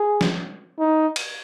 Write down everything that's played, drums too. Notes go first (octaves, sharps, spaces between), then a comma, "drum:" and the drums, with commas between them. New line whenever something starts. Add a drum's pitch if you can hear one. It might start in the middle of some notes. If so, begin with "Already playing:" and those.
Already playing: G#4
drum: snare
D#4
drum: cymbal